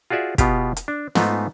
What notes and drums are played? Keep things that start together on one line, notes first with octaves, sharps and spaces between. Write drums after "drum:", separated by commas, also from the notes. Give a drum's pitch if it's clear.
F4 F#4 G#4 D5 E5
B2 B3 F4 G4, drum: kick, hi-hat
drum: hi-hat
D4
G#2 A3 B3 D#4 F4, drum: snare